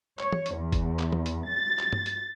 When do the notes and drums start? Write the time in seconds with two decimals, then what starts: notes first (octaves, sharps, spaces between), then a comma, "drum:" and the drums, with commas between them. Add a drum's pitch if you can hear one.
0.19 C#5, drum: clap
0.32 drum: tom
0.46 drum: hi-hat
0.55 E2
0.72 drum: kick F1, hi-hat
0.99 drum: clap
1.12 drum: tom
1.26 drum: hi-hat
1.49 A6
1.79 drum: clap
1.93 drum: tom G2
2.06 drum: hi-hat